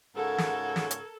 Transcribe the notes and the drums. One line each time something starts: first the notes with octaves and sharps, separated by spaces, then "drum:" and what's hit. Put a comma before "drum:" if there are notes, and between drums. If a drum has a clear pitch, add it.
G#2 C#3 F#4 A4 A#4 F#5 G#6
drum: snare
drum: snare
drum: hi-hat